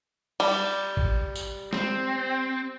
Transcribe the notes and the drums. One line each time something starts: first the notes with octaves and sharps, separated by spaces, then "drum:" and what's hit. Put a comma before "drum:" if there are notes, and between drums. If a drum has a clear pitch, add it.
G3, drum: cymbal
drum: kick G#1
drum: tambourine
C4, drum: snare